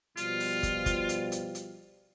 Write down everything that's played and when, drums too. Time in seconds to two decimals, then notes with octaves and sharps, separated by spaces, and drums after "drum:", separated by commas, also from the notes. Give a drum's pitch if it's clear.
0.17 B2 F3 G3 F4, drum: hi-hat
0.40 drum: open hi-hat
0.63 drum: kick, hi-hat
0.86 drum: kick, hi-hat
1.09 drum: hi-hat
1.32 drum: hi-hat
1.55 drum: hi-hat